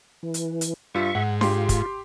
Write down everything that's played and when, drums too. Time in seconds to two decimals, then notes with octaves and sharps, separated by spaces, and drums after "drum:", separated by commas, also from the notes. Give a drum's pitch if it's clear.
0.23 E3
0.34 drum: hi-hat
0.61 drum: hi-hat
0.95 G2 F4 E5 C#6
1.15 G#2 F#5
1.41 F4 G4 C6, drum: snare D4
1.69 drum: kick, hi-hat